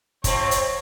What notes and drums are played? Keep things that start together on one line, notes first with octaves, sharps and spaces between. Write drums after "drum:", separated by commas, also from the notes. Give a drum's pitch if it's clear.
F2 C4 C5 C#5, drum: kick, hi-hat
drum: hi-hat